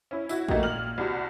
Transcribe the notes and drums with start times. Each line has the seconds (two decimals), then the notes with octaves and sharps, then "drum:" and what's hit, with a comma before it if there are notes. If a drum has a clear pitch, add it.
0.11 C#4 E4
0.29 E4 F#4, drum: tambourine
0.48 A3 A#3 D#4 F#4 G4, drum: kick A#1
0.63 A#2 F6 F#7
0.98 C2 C3 F#4